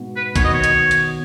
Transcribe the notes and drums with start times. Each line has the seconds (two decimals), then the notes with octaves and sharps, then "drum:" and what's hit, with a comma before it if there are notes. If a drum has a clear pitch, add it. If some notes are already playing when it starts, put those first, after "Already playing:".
Already playing: G#2 B2
0.16 B4
0.36 B2 D#3 C#5, drum: kick, hi-hat
0.44 D#5
0.54 C#5
0.64 drum: hi-hat
0.91 drum: hi-hat